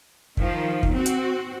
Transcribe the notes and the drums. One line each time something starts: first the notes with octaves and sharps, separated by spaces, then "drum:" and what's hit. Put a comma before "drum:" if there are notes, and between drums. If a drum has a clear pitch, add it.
D#3 F3, drum: kick
drum: kick
C4 F#4
drum: hi-hat